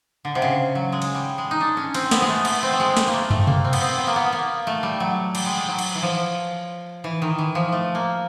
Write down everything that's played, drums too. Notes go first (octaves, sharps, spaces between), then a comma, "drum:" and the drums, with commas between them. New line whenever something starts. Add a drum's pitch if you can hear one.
D3
C3
C#3
F#3
G#3
drum: cymbal
G3
G#3
D#4
D4
C#4
C4, drum: cymbal
B3, drum: snare
G#3
A3
B3, drum: cymbal
C4
A3
G#3
G3, drum: snare
A#3
A3
A3, drum: tom
A3
A#3, drum: tom B2
C4
B3, drum: cymbal
C4
B3
A#3
B3
A#3
A3
G3
F#3
G3, drum: cymbal
G#3
G3
F#3
drum: cymbal
E3
F3
E3
D#3
E3
F3
A3
A#3